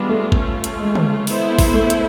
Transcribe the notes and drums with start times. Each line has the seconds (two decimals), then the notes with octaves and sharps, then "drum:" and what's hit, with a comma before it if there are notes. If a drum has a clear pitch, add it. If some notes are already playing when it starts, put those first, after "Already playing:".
Already playing: G3 G#3 B3 D4 F4
0.09 A3
0.32 A3 C#4 F4, drum: kick
0.64 drum: hi-hat
0.79 G#3
0.95 drum: tom
1.27 B3 E4 A4 C5, drum: open hi-hat
1.59 drum: kick, open hi-hat
1.74 A3
1.90 drum: hi-hat